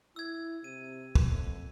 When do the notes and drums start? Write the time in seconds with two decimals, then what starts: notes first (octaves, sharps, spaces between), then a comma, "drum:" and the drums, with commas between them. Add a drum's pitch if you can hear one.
0.16 E4 E6 G#6
0.64 C3 D#7
1.15 drum: kick
1.29 F2